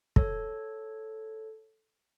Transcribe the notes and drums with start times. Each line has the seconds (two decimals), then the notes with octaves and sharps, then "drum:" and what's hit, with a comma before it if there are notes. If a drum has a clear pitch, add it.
0.16 A4 C#5, drum: kick